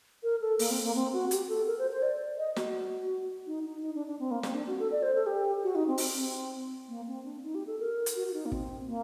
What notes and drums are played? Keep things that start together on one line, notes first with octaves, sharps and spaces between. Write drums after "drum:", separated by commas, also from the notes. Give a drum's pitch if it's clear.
A#4
A4
A#3, drum: open hi-hat
C4
A#3
C4
F#4
G4, drum: hi-hat
A4
A#4
C5
C5
D5
D#5
F#4, drum: snare
D#4
D#4
D#4
D4
D4
C4
A#3
C4, drum: snare
D4
F#4
A4
D5
C5
A4
G4
F#4
D#4
C4
drum: open hi-hat
C4
A#3
C4
D4
D#4
G4
A4
A#4
drum: hi-hat
F#4
F#4
D#4
A#3
C4, drum: kick
A#3